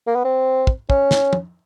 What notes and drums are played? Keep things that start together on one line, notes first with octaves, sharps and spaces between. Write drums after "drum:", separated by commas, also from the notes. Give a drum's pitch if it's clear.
A#3
B3
C4
drum: kick
C#4, drum: kick
drum: snare
drum: tom